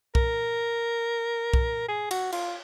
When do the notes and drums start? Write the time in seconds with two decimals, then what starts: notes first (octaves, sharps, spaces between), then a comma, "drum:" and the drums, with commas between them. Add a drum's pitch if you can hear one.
0.15 A#4, drum: kick B1
1.53 drum: kick B1
1.89 G#4
2.11 F#4, drum: cymbal
2.32 F4, drum: cymbal